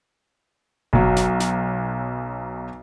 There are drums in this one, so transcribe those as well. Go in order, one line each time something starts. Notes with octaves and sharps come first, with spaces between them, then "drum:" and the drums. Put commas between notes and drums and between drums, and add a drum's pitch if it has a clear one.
B1 F#3, drum: kick F#1
drum: snare
drum: snare